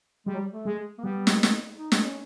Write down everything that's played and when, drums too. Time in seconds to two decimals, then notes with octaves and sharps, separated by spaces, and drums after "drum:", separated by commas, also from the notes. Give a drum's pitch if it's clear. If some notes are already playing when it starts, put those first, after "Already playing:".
0.26 G3 G#3
0.34 F#3
0.39 G3
0.52 A3
0.65 G#3
0.98 A#3
1.04 G3 B3
1.27 drum: snare
1.43 drum: snare
1.78 D#4
1.92 D4, drum: snare
2.04 C#4